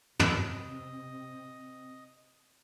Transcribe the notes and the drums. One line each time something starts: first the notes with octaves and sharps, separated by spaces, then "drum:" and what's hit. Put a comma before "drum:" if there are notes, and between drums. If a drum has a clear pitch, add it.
C3 C4 D#5 B5 E6, drum: tom